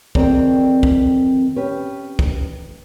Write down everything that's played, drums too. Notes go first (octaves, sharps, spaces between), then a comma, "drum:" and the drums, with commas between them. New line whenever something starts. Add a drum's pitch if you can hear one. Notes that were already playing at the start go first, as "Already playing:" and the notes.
F2 D#3 C4 G#4 C5 D5, drum: kick
drum: kick
C#4 G4 B4
drum: kick